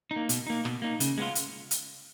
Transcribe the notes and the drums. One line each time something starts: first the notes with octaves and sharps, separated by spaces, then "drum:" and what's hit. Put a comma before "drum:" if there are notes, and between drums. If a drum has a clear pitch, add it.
D#4
A#3
B2, drum: hi-hat
A#3 D#4
B2, drum: rim click
A#3 D#4
C#3, drum: hi-hat
G#3 B3 F4
drum: hi-hat
drum: hi-hat